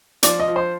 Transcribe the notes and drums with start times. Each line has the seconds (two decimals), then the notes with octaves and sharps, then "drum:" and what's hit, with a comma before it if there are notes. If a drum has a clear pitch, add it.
0.23 F3 D5, drum: hi-hat
0.40 D#5
0.48 F3
0.56 C5